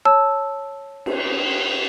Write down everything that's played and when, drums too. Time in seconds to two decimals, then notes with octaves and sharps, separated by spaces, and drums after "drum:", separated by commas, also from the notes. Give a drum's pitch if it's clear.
0.05 C#5 A5 E6
1.06 drum: cymbal